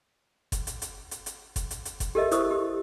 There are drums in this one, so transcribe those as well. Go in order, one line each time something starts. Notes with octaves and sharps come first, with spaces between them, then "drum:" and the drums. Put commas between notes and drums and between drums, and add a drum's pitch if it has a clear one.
drum: kick F#1, hi-hat
drum: hi-hat
drum: hi-hat
drum: hi-hat
drum: hi-hat
drum: kick F#1, hi-hat
drum: hi-hat
drum: hi-hat
drum: kick F#1, hi-hat
G4 A4 A#4 D#5 E5
E4 C5 C#6 D#6 E6, drum: hi-hat
G4